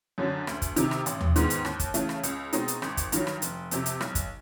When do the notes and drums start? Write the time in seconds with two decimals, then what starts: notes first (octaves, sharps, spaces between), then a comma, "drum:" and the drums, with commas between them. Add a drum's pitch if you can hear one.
0.18 F#2 D3 F#3
0.47 D2, drum: rim click
0.62 drum: kick, hi-hat
0.76 C3 D#3, drum: hi-hat
0.91 drum: rim click
1.06 A1, drum: hi-hat
1.21 drum: tom D#2
1.36 G#2 D#3 G#3 B3, drum: hi-hat
1.50 drum: hi-hat
1.65 D#2, drum: rim click
1.80 drum: kick, hi-hat
1.94 C#3 E3 A3, drum: hi-hat
2.09 drum: rim click
2.23 C#2, drum: hi-hat
2.53 B2 G#3 C4 D#4, drum: hi-hat
2.68 drum: hi-hat
2.82 G#1, drum: rim click
2.97 drum: kick, hi-hat
3.12 G2 D#3 F#3, drum: hi-hat
3.27 drum: rim click
3.42 F1, drum: hi-hat
3.71 F2 C3, drum: hi-hat
3.86 drum: hi-hat
4.01 B1, drum: rim click
4.15 drum: kick, hi-hat